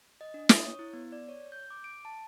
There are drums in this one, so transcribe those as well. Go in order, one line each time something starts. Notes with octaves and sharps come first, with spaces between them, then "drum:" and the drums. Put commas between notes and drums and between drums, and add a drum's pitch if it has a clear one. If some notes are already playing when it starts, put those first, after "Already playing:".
D#5
D4
D#6, drum: snare
C#5
E4
B3
D5
C#5
G6
D6
D7
A5